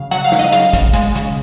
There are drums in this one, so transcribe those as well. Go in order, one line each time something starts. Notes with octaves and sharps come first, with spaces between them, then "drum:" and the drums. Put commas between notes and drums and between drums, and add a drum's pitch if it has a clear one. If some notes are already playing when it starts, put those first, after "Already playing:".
Already playing: C#3 F#3 F5
F#3 F#5, drum: hi-hat
F5
F#3, drum: snare
D#5
C#3 F5, drum: hi-hat
C#3, drum: kick, hi-hat
G#3, drum: hi-hat
C#3, drum: hi-hat